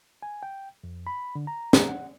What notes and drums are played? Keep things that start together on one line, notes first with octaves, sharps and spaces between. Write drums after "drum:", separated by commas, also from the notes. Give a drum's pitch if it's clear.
G#5
G5
F2
B5
D3
A#5
drum: snare
F#5